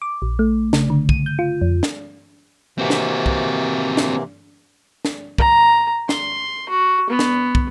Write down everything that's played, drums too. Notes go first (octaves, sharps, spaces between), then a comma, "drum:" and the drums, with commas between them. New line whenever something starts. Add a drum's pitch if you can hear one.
D6
A#1
A3
C#3, drum: snare
D3
D#7, drum: kick
G6
F4
F2
drum: snare
C3 E3 A#3 C4 F#4
drum: snare
drum: kick
drum: snare
drum: snare
A#5, drum: kick
C6, drum: snare
F#4
B3
drum: snare
drum: kick